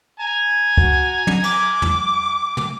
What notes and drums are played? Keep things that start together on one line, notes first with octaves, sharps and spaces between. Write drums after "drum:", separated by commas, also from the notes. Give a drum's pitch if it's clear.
G#5 A#5
F#4, drum: kick
drum: tom
D6, drum: cymbal
drum: tom
drum: tom